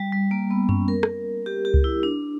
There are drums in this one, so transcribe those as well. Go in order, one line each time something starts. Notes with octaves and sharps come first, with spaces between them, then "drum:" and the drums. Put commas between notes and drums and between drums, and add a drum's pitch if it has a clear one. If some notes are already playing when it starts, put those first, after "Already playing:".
Already playing: G3
G3
A#3
B3
C#4, drum: tom F#2
A#4
drum: rim click
G4
G4
drum: kick C#2
E4
D4